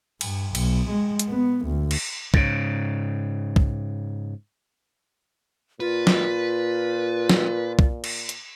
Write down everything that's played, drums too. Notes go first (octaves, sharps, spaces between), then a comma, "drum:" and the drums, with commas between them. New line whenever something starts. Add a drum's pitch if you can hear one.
G2, drum: cymbal
B1, drum: cymbal
G#3
drum: hi-hat
B3
D2
drum: cymbal
G#2 C#3, drum: kick
drum: kick
A#2 F4 B4
drum: snare
drum: snare
drum: kick
drum: cymbal
drum: hi-hat